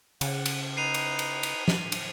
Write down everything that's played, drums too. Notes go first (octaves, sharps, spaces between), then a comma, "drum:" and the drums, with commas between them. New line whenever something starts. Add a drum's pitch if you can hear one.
C#3 F#5, drum: cymbal
drum: cymbal
D#4 B4 C7 D#7 F7
drum: cymbal
drum: cymbal
drum: cymbal
drum: snare F3
drum: cymbal